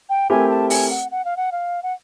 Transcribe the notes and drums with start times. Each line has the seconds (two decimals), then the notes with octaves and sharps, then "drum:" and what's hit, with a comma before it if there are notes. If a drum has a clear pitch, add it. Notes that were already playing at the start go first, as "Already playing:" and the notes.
0.09 G5
0.30 A3 C4 E4 G4 A#4 G#5
0.50 A5
0.70 G#5, drum: open hi-hat
0.90 F#5
1.11 F#5
1.25 F5
1.37 F#5
1.52 F5
1.83 F#5